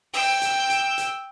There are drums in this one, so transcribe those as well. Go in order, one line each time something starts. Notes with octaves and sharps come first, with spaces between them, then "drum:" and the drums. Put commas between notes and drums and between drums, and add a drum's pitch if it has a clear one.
G5 E6, drum: open hi-hat
drum: hi-hat
drum: hi-hat
drum: hi-hat